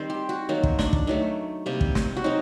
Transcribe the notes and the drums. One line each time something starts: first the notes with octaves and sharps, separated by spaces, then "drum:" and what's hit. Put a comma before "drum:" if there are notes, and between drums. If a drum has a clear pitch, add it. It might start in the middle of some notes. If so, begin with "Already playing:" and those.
Already playing: D#3 G3 C4 C5
G4
F#4
D#3 F#3 A#3
drum: kick
D4, drum: snare
drum: kick
D#3 F#3 A3
C3 G3 A#3
drum: kick
drum: snare
F#4
F#3 C4 D#4